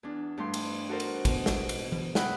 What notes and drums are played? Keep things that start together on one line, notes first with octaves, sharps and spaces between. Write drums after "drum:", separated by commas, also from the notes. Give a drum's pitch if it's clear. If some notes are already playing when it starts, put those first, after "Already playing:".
E2 D4
G2 A3 G4 C6
drum: cymbal
F#4 A4 A#4 C5
drum: cymbal
B2, drum: kick, cymbal
drum: snare
drum: cymbal
drum: tom E3
E5 F#5 G5 B5 D#6 F#6, drum: snare